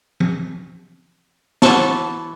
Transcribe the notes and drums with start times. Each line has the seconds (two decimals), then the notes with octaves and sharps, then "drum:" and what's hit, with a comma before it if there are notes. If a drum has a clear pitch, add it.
0.20 drum: tom
1.62 E3 F#5 A5 C#6, drum: snare